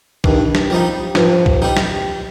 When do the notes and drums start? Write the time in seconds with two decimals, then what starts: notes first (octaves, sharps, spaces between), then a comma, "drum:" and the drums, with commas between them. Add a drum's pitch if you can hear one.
0.24 G2 D#3, drum: kick B1
0.55 drum: snare
0.70 F3 G3 D#4
1.15 G2 F3, drum: snare
1.46 drum: kick B1
1.62 G3 D#4
1.77 drum: snare